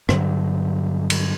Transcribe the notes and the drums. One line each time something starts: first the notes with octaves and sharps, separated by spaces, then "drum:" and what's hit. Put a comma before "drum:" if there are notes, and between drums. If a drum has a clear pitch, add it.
G2 D3 F#3, drum: rim click
drum: cymbal